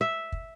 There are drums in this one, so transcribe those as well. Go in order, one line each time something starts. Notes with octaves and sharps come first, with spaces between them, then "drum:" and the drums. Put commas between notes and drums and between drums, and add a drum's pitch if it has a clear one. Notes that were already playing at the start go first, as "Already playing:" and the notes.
E5
drum: kick